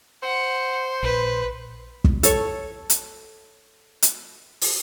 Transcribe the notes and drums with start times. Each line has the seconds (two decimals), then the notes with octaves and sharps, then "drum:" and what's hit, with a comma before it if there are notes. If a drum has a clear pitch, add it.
0.23 C5 F#5
1.03 A#1 B4
2.04 drum: kick
2.23 A4 C#5 C#6, drum: hi-hat
2.90 drum: hi-hat
4.02 drum: hi-hat
4.61 drum: open hi-hat